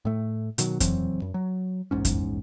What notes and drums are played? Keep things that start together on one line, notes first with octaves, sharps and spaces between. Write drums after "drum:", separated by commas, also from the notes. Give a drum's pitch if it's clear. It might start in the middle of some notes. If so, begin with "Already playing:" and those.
A2 A3
B2 D#3 F#3, drum: hi-hat
D#1 E3 F#3 C4, drum: kick F2, hi-hat
F#2
F#3
A#1 E2 G#2 C#4
drum: kick F2, hi-hat